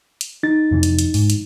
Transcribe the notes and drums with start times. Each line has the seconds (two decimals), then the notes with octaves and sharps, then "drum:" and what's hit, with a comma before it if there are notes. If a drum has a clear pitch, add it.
0.21 drum: hi-hat
0.43 D#4 A6
0.71 F2 C3 E3
0.83 drum: hi-hat
0.99 drum: hi-hat
1.14 G#2, drum: open hi-hat
1.30 drum: hi-hat